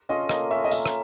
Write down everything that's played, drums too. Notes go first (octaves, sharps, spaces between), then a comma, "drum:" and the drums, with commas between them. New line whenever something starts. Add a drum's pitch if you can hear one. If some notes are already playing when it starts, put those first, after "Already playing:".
C#4 F4 A4 D#5
A#3 D#5, drum: rim click
C#4 F4 A4 E5
D#5
A#3 E5, drum: tambourine
drum: rim click